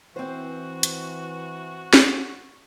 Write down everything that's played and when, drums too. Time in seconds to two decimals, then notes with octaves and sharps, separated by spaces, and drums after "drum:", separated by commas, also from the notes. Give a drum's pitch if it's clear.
0.16 E3 C4 F#4 C5
0.83 drum: hi-hat
1.94 drum: snare